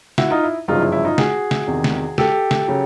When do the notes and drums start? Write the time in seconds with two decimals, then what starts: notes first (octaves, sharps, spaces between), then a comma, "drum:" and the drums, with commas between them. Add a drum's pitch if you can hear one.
0.18 E4 F#4, drum: snare
0.31 D#4 F4
0.43 E4
0.68 G1 F#2 C#3 F3 G#3 D#4 F4
0.81 E4
0.92 E4
1.05 D#4 F4
1.18 F#4 G#4, drum: snare
1.51 drum: snare
1.67 E2 C3 D#3
1.84 drum: snare
2.18 G4 A4, drum: snare
2.51 drum: snare
2.68 C#3 F#3